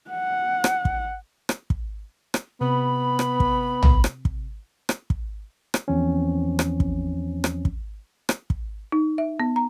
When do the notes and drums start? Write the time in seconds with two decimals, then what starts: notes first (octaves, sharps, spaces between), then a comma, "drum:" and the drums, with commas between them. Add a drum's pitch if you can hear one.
0.11 F#5
0.64 drum: rim click
0.85 drum: kick
1.49 drum: rim click
1.70 drum: kick
2.34 drum: rim click
2.61 C3 B3 B5
3.19 drum: rim click
3.40 drum: kick
3.83 drum: tom A#1
4.04 drum: rim click
4.25 drum: kick
4.89 drum: rim click
5.10 drum: kick
5.74 drum: rim click
5.88 E2 E3 F3 C4 C#4
6.59 drum: rim click
6.80 drum: kick
7.44 drum: rim click
7.65 drum: kick
8.29 drum: rim click
8.50 drum: kick
8.92 D#4
9.18 E5
9.40 B3
9.56 A#5